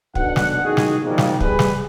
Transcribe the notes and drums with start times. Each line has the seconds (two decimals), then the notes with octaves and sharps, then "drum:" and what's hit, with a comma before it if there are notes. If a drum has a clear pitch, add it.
0.15 B1 D3 B3 F#5, drum: kick
0.36 drum: snare
0.63 A1 D#3 D#4 F#4 G#4
0.77 drum: snare
1.04 B2 D#3 F3 G3 G#3 A#3
1.18 drum: snare
1.40 G3 G#4 B4, drum: kick
1.59 drum: snare